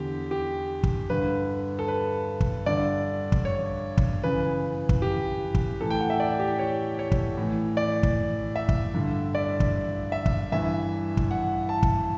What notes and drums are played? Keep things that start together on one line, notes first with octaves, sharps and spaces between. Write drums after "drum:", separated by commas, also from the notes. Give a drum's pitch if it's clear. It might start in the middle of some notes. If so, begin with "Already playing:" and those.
Already playing: E2 D3 G4
G4
drum: kick
G2 D3 B4
A4
B4
drum: kick
G2 D3 D5
drum: kick
C#5
drum: kick
F#2 C#3 E3 B4
drum: kick
G4
drum: kick
A2 E3 A4
G5
F#5
E5
D5
G4
C#5
C#5
drum: kick
A2 E3
D5
drum: kick
E5
drum: kick
G2 D3
D5
drum: kick
E5
drum: kick
G2 E3 E5
drum: kick
F#5
A5
drum: kick